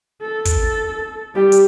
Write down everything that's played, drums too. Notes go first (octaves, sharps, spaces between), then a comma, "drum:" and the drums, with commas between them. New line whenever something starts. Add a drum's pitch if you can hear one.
A4
drum: kick, hi-hat
G3 G4
drum: hi-hat